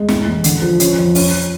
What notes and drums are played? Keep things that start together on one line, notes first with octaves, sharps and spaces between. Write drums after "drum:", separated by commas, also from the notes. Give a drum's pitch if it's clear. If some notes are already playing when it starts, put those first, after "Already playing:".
Already playing: G#3
A2, drum: snare
A1
D3, drum: hi-hat
F3
C#4, drum: hi-hat
F2
C#4, drum: open hi-hat